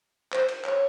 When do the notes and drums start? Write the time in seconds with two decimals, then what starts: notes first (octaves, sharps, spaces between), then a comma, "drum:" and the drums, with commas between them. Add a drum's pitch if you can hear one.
0.32 C5, drum: clap
0.49 drum: cymbal
0.65 C#5, drum: clap